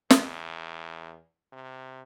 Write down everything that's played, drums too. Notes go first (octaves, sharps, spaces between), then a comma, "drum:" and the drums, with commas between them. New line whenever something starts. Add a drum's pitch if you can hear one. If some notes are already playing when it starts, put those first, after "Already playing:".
E2, drum: snare
C3